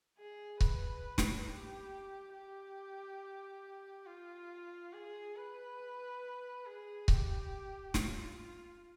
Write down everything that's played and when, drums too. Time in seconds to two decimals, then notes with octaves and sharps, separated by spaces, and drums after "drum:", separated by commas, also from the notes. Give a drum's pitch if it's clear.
0.18 G#4
0.61 B4, drum: kick C#1
1.18 drum: snare
1.47 G4
2.33 G4
4.07 F4
4.93 G#4
5.36 B4
6.66 G#4
7.08 G4, drum: kick C#1
7.94 F4, drum: snare